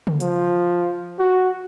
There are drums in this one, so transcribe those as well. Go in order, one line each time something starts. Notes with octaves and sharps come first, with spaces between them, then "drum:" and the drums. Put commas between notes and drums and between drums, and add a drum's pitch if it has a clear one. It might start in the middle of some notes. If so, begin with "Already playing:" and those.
drum: tom C#3
F3, drum: hi-hat
F#4